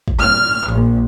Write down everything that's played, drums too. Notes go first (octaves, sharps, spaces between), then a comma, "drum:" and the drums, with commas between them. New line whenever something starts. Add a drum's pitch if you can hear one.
drum: kick
F6
A#1